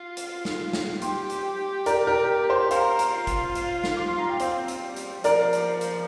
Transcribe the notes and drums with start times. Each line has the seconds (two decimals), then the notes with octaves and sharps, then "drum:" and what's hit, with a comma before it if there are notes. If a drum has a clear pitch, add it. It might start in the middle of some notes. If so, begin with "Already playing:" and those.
Already playing: F4
0.17 drum: hi-hat
0.45 drum: snare
0.73 drum: snare
1.02 G4 G5 C6, drum: hi-hat
1.30 drum: hi-hat
1.86 A#4 D5, drum: hi-hat
2.07 A#4
2.50 C5
2.71 A#4 C5 F5, drum: hi-hat
2.99 drum: hi-hat
3.14 F4
3.27 drum: kick, hi-hat
3.55 drum: hi-hat
3.84 drum: snare
3.97 D6
4.08 C6
4.19 A#5
4.29 G5
4.40 C4 C5 F5, drum: hi-hat
4.68 drum: hi-hat
4.82 G3
4.97 drum: hi-hat
5.24 F3 A#4 D5, drum: hi-hat
5.53 drum: hi-hat
5.81 drum: hi-hat